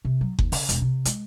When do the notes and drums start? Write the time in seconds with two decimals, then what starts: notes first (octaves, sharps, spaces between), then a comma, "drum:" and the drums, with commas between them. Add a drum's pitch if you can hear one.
0.05 C3
0.21 F#3
0.39 D#2, drum: kick F#1
0.52 C#3, drum: open hi-hat
0.69 E1, drum: hi-hat
0.82 C3
1.05 G#3, drum: hi-hat